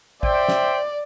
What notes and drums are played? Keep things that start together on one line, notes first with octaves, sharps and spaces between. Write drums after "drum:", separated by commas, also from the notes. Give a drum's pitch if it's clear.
C5 D5 E5 G5, drum: kick
drum: snare